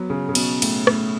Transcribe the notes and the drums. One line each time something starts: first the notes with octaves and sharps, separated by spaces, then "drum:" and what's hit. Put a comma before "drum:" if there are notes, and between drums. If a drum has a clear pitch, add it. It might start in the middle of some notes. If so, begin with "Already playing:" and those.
Already playing: F#3 B3
C#3
C#3
B2, drum: cymbal
A2, drum: cymbal
A2, drum: rim click